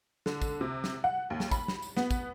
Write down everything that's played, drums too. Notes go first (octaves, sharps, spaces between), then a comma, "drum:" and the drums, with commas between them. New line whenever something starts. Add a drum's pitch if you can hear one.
D3, drum: snare
drum: kick, tambourine
C3
drum: snare
F#5
D#2
drum: snare
B5, drum: kick, tambourine
drum: snare
drum: tambourine
B3, drum: snare
drum: kick, tambourine